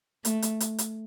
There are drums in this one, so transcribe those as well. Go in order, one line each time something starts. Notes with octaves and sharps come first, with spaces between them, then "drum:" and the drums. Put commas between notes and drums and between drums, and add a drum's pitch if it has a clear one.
A3, drum: hi-hat
drum: hi-hat
drum: hi-hat
drum: hi-hat